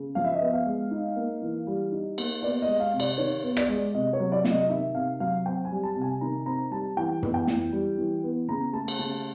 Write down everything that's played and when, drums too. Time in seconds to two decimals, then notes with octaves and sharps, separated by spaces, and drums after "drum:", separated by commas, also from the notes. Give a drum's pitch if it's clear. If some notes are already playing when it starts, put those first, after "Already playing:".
Already playing: C#3
0.15 F3 F5
0.25 E5
0.34 D#5
0.41 B3 E5
0.53 F5
0.66 G#3
0.91 D#4
1.16 A#3
1.42 E3
1.67 G3
1.92 D#4
2.18 A#3, drum: cymbal
2.43 B3 D5
2.62 D#5
2.68 G#3
2.80 F5
2.93 C3
3.00 D5, drum: cymbal
3.18 D#3 C#5
3.43 B3
3.57 D5, drum: rim click
3.69 G#3
3.94 C3 D#5
4.13 C#5
4.19 F#3
4.32 D5
4.45 C3, drum: snare
4.51 D#5
4.69 D#3 E5
4.95 C3 F5
5.20 F#3 F5
5.46 C4 G5
5.65 G#5
5.71 G3
5.83 A5
5.96 C3
6.02 G#5
6.21 D#3 A#5
6.46 C4 A#5
6.71 G3 A5
6.97 E3 G5
7.23 B3, drum: tom
7.34 G5
7.47 E3, drum: snare
7.73 G3
7.98 E3
8.23 B3
8.48 C#3 A#5
8.73 A3 A5
8.88 drum: cymbal
8.99 C#3 A5